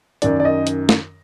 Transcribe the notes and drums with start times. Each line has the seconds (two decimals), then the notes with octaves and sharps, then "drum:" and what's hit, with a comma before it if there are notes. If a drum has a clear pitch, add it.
0.22 F#2 D#3 D5, drum: hi-hat
0.40 D5
0.45 D#5
0.67 drum: hi-hat
0.89 drum: snare